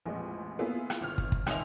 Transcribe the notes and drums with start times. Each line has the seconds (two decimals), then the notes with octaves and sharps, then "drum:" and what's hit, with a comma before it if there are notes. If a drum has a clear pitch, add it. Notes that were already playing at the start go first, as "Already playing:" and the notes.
0.05 A1 F2 A#2 G#3
0.59 A#3 B3 E4 F4 G#4
0.90 drum: rim click
1.01 G1 F6
1.18 drum: kick
1.32 drum: kick
1.46 C#2 D#3 C#5 D#5 E5 F7, drum: rim click